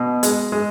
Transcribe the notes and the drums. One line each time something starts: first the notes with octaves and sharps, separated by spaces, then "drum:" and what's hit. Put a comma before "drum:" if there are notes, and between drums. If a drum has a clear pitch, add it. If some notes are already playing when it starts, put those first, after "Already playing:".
Already playing: B2
G#3, drum: hi-hat
G#3